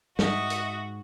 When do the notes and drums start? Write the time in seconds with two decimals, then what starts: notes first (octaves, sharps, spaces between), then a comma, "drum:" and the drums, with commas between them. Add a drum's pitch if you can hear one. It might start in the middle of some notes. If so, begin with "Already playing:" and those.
0.19 G#2 F#4 D#5 E5, drum: snare
0.50 drum: hi-hat